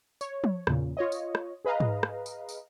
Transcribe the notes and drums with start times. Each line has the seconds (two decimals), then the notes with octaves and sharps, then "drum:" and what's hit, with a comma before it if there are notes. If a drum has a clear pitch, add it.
0.21 C#5, drum: tambourine
0.44 drum: tom F3
0.67 E2 A#2 C#3, drum: rim click
0.97 F4 C#5 D#5
1.12 drum: tambourine
1.35 drum: rim click
1.65 G#4 B4 D#5 F5 A#5
1.80 drum: tom G#2
2.03 drum: rim click
2.26 drum: tambourine
2.49 drum: tambourine